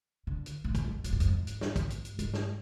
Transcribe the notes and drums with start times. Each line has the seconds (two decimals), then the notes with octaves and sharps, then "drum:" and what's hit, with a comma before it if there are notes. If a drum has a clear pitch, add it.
0.27 D3
0.46 drum: hi-hat
0.64 A2
0.75 drum: kick, hi-hat
0.84 F2
1.04 A2, drum: hi-hat
1.13 G#2
1.20 F2, drum: hi-hat
1.28 G#2
1.47 drum: hi-hat
1.61 drum: snare
1.76 drum: kick, hi-hat
1.90 drum: hi-hat
2.05 drum: hi-hat
2.19 G#2, drum: hi-hat
2.34 drum: snare